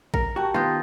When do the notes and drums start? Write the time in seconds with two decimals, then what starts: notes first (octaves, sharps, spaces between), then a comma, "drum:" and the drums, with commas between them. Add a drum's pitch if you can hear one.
0.14 A#4, drum: kick A#1
0.36 F#4 G4 G5 A5
0.54 D#3 B3 F4 D#6 G6 A#6